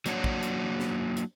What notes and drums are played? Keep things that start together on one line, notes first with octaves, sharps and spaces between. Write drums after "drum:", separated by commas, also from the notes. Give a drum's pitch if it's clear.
F#3 A#3 D4 C#5 F5 F#5, drum: hi-hat
drum: kick
drum: hi-hat
drum: snare
drum: hi-hat